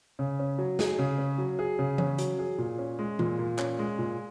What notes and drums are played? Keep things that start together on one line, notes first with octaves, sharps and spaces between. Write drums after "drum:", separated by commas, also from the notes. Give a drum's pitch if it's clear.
C#3
C#4
F#3
G#4, drum: snare
C#3
C#4
F#3
G#4
C#3
C#4, drum: tom E3
F#3, drum: hi-hat
G#4
A#2
C#4
G#3
A#2, drum: tom E3
A#2
C#4, drum: clap
G#3
A#2